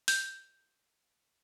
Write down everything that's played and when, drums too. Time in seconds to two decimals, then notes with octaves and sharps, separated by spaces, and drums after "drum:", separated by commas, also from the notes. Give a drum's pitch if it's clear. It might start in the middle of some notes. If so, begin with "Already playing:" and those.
0.08 G6, drum: open hi-hat